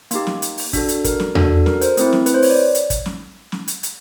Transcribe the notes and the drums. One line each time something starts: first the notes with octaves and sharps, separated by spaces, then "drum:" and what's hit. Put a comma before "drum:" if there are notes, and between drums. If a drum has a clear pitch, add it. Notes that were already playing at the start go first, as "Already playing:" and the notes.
A#3 D#4 G4, drum: hi-hat
drum: snare
drum: hi-hat
drum: open hi-hat
D4 F#4 A4, drum: kick, hi-hat
drum: hi-hat
A#4, drum: kick, hi-hat
drum: snare
D4 F#4 A4, drum: tom E2
A#4, drum: snare
A#4 C5, drum: hi-hat
A3 C4 E4, drum: hi-hat
drum: snare
B4, drum: hi-hat
C5
C#5, drum: open hi-hat
D5
drum: hi-hat
drum: kick, hi-hat
drum: snare
drum: snare
drum: hi-hat
drum: hi-hat